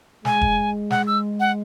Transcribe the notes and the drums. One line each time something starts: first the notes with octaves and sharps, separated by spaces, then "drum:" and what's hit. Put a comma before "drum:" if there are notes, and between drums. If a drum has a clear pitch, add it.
G#3 G#5, drum: snare
drum: kick E1
F#5, drum: snare
E6
F#5